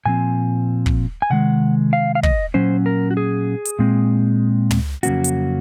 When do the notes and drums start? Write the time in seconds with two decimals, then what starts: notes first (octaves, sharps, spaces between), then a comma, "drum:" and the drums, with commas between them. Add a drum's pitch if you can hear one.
0.06 A#2 F3 C4 G#5
0.86 drum: kick
1.22 G#5
1.30 C3 D#3 G#3 F#5
1.93 F5
2.15 F5
2.23 D#5, drum: kick
2.54 A#2 F#3 C#4 C5
2.86 A#4
3.11 F#4
3.17 G#4
3.65 drum: hi-hat
3.79 A#2 G#3 C4
4.71 drum: tom
5.03 F2 C#3 F#3 A#3 C#4 F#4, drum: hi-hat
5.24 drum: hi-hat